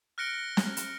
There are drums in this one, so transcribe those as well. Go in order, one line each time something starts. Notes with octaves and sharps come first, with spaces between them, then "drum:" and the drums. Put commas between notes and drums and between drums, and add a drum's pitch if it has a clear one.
F6 F#6 A#6 C#7 D7 G7
drum: snare
drum: hi-hat